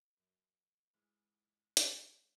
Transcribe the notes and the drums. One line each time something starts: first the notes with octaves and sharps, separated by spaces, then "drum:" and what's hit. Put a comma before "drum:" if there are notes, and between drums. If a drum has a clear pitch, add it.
F#2
G#2 E3 G#3 F6
G#3 F4 G4 G#4, drum: hi-hat